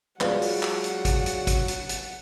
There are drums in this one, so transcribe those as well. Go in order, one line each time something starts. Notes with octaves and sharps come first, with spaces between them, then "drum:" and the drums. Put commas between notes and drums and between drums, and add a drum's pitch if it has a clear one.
F#3 G#3 B3 F4 D5 F#5, drum: clap
drum: open hi-hat
drum: clap
drum: hi-hat
drum: kick G#1, hi-hat
drum: hi-hat
drum: kick G#1, hi-hat
drum: hi-hat
drum: hi-hat